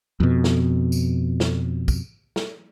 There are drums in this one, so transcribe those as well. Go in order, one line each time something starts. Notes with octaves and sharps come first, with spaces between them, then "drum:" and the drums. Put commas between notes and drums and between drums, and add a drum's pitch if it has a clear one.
F2 B2
drum: snare
drum: tambourine
drum: snare
drum: kick, tambourine
drum: snare